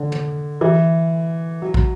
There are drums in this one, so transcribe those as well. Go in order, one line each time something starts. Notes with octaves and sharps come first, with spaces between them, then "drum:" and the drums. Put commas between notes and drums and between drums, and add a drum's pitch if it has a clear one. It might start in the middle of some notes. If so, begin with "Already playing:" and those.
Already playing: D3
drum: tom
E3
F#3
drum: kick